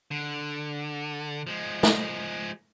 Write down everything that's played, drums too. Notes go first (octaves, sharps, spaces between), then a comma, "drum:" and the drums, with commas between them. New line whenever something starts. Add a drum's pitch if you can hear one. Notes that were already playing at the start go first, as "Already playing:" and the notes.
D3
F3 G#3
drum: snare